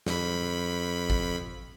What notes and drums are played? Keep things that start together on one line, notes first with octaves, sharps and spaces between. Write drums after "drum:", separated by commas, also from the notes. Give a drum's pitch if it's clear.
F2 B5, drum: snare
drum: kick G#1